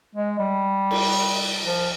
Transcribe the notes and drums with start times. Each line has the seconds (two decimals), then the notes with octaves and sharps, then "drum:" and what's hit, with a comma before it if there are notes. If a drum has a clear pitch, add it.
0.15 G#3
0.39 G3
0.91 drum: cymbal
1.65 F3